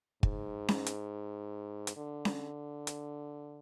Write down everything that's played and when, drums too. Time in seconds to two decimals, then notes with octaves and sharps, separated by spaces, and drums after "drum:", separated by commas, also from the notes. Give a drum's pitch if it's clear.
0.23 G#2, drum: kick
0.68 drum: snare C#4
0.86 drum: hi-hat
1.87 drum: hi-hat
1.97 D3
2.25 drum: snare C#4
2.87 drum: hi-hat